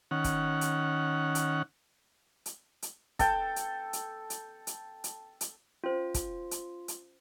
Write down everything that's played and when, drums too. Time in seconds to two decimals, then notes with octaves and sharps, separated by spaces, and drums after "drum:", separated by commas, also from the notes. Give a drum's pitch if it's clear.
0.11 D#3 C#4 F#5
0.24 drum: kick, hi-hat
0.61 drum: hi-hat
1.35 drum: hi-hat
2.46 drum: hi-hat
2.82 drum: hi-hat
3.19 A4 G5, drum: kick, hi-hat
3.56 drum: hi-hat
3.93 drum: hi-hat
4.30 drum: hi-hat
4.67 drum: hi-hat
5.04 drum: hi-hat
5.41 drum: hi-hat
5.84 C#4 F4 C5
6.14 drum: kick, hi-hat
6.51 drum: hi-hat
6.88 drum: hi-hat